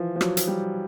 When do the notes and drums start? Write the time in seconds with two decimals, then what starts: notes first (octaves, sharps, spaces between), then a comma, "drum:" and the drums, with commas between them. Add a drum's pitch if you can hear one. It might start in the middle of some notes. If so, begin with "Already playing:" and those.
Already playing: E3 F3
0.16 F3
0.21 F#3, drum: rim click
0.37 drum: hi-hat
0.48 G3